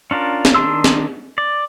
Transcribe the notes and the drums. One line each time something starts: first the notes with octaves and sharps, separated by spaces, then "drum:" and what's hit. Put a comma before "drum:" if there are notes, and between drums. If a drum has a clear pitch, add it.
C#4 D4 F4 A#4
drum: snare
D#3 D4 C6 E6
drum: snare
D5